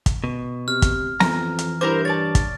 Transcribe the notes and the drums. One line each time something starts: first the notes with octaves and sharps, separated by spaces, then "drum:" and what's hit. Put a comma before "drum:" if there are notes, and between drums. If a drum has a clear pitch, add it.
drum: kick, hi-hat
B2
C3 F6
drum: kick, hi-hat
F2 E3 A#5, drum: snare B3
drum: hi-hat
G2 E4 A#4 C5 D6
C#5 D5 A5 A6
drum: kick, hi-hat